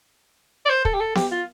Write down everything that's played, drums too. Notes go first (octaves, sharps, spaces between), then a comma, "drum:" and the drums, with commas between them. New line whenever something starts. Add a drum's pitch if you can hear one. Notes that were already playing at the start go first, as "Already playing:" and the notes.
D5
C5
A4, drum: kick
G4
A4
G4, drum: snare B3
F4